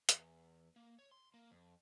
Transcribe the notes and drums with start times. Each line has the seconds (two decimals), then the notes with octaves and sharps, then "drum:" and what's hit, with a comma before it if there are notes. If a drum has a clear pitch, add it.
0.09 E2, drum: hi-hat
0.76 A#3
0.99 C#5
1.11 C6
1.34 A#3
1.51 F2